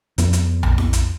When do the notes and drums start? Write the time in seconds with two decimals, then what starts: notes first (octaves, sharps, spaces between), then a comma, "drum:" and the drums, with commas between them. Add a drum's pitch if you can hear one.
0.18 F2 B3, drum: hi-hat
0.33 drum: hi-hat
0.63 drum: tom B1
0.78 drum: snare E4
0.93 drum: hi-hat